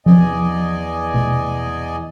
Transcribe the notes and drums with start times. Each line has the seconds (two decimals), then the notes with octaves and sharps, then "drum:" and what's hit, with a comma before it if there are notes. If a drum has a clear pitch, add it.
0.06 E2 D5 D#5 G#5, drum: tom F3
1.14 drum: tom B2